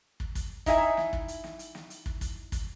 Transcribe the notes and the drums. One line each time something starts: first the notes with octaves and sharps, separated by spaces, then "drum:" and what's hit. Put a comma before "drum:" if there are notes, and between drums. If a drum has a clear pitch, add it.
drum: kick
drum: kick, hi-hat
D#4 E4 E5 G#5, drum: kick, hi-hat
drum: snare
drum: kick
drum: hi-hat
drum: snare
drum: hi-hat
drum: snare
drum: hi-hat
drum: kick
drum: kick, hi-hat
drum: kick, hi-hat